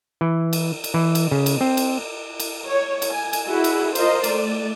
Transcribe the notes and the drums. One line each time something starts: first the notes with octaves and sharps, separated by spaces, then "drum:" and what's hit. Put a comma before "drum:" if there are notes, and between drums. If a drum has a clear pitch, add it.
E3
drum: cymbal
drum: cymbal
E3
drum: cymbal
C#3
drum: cymbal
C4
drum: cymbal
drum: cymbal
C#5
drum: cymbal
G#5
drum: cymbal
E4 F#4 G#4
drum: cymbal
F4 A#4 C5 D#5, drum: cymbal
A3 D5, drum: cymbal